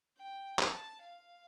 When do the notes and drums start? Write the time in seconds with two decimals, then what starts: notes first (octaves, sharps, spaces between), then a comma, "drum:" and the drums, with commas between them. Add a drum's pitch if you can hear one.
0.16 G5
0.59 A5, drum: clap
1.02 F5